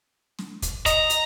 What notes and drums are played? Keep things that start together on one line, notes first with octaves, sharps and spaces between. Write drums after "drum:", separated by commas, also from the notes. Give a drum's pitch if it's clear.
drum: snare
drum: kick, hi-hat
D#5 A#5, drum: kick, hi-hat
drum: hi-hat